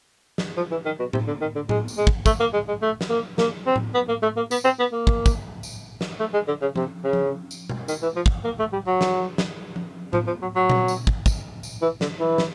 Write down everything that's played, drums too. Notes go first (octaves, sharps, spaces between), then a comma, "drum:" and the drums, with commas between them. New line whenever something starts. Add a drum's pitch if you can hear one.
drum: snare
F3
E3
D#3
B2
C3, drum: tom A2
D3
D#3
D3
G#3, drum: tom A2
drum: tambourine
G#3
drum: kick
A3, drum: kick, tambourine
A#3
G#3
G#3
A3
drum: snare
A#3
A#3, drum: snare
C4
drum: tom A2
B3
A#3
A3
A#3
B3, drum: tambourine
C4
B3
A#3
drum: kick
drum: kick, tambourine
drum: tambourine
drum: snare
A3
G#3
D3
C#3
C3, drum: tom F3
C#3
drum: tom F3
drum: tambourine
drum: tom B2
D#3, drum: tambourine
E3
F3
drum: kick
A#3
A3
G3
F#3
drum: snare
drum: snare
drum: tom F3
F3, drum: tom A2
F3
F#3
F#3
drum: tom A#2
drum: tambourine
drum: kick
drum: kick, tambourine
drum: tambourine
E3
D3, drum: snare
E3
drum: snare